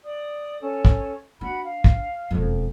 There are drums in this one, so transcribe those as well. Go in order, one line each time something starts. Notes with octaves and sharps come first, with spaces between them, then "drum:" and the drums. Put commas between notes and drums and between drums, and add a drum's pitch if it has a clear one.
D5 D#6
C#4 A4
drum: kick
D4 F#4 F#5 B5
F5
drum: kick
E1 F2